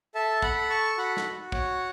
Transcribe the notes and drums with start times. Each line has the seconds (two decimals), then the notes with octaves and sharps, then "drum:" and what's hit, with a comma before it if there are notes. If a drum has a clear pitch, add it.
0.15 A4 E5 A5
0.42 F#5 B5, drum: kick
0.56 A4
0.70 A5 C#6
0.98 F#4 F#5 B5
1.17 drum: snare
1.39 F#4
1.52 C#5 F#5, drum: kick